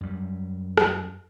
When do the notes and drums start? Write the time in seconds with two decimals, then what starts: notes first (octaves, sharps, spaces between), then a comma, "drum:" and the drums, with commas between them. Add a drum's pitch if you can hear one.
0.01 F#2 G3
0.78 drum: rim click